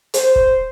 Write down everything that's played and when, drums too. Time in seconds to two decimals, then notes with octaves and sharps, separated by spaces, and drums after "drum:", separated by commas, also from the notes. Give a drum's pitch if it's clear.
0.14 C5, drum: hi-hat
0.36 drum: kick